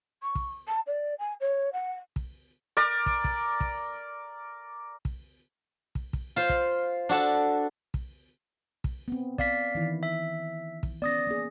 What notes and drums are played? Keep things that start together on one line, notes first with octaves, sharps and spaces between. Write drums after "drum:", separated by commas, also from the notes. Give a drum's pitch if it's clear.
C#6
drum: kick
A5
D5
G#5
C#5
F#5
drum: kick
A#4 D5
drum: kick
drum: kick
drum: kick
drum: kick
drum: kick
drum: kick
F4 C5
drum: kick
D4 F#4 A4 A5
drum: kick
drum: kick
B3 C4
D5 F5 B6, drum: kick
D#3 E3 E4
E5
drum: kick
B3 C#4 D5 D#6 A#6
A#3 G#4